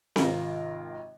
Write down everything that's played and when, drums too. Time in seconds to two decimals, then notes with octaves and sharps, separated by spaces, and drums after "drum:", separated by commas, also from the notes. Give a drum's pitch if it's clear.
0.16 G#1 C3 F4 A#4, drum: snare C4